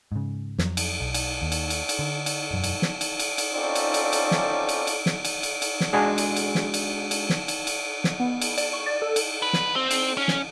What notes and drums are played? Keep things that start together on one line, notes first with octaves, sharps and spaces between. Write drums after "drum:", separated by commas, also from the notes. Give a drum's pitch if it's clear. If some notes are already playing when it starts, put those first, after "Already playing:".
G#2 C#3
F2 F#3, drum: snare
drum: cymbal
B1
drum: cymbal
D#2
drum: cymbal
drum: cymbal
drum: cymbal
D3
drum: cymbal
E1 F#2
drum: cymbal
drum: snare
drum: cymbal
drum: cymbal
drum: cymbal
C4 C#4 D#4 F4 A4 D5
drum: cymbal
drum: cymbal
drum: cymbal
drum: snare
drum: cymbal
drum: cymbal
drum: snare
drum: cymbal
drum: cymbal
drum: cymbal
drum: snare
G#3 D4 F#4 G#4
drum: cymbal
drum: cymbal
drum: snare
drum: cymbal
drum: cymbal
drum: snare
drum: cymbal
drum: cymbal
drum: snare
B3
drum: cymbal
D5, drum: cymbal
C#6
D5
A4
drum: cymbal
B4
drum: snare
C4
drum: cymbal
C#4
drum: snare